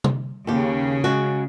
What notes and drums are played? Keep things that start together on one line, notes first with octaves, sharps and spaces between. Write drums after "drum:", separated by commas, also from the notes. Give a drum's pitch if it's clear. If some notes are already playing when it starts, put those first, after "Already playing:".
drum: tom C3
D#2 C#3 G4
G#3 C#4 F#4